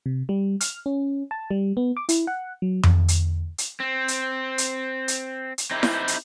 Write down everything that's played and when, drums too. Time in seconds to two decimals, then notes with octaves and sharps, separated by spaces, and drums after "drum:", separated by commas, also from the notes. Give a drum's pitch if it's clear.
0.06 C3
0.29 G3
0.61 F6, drum: hi-hat
0.86 C#4
1.31 A5
1.51 G3
1.77 B3
1.97 D6
2.09 E4, drum: hi-hat
2.27 F#5
2.62 F#3
2.83 drum: tom F2
3.08 drum: hi-hat
3.58 drum: hi-hat
3.80 C4
4.08 drum: hi-hat
4.58 drum: hi-hat
5.08 drum: hi-hat
5.58 drum: hi-hat
5.71 C4 D#4 E4 G4
5.83 drum: snare E4
6.08 drum: hi-hat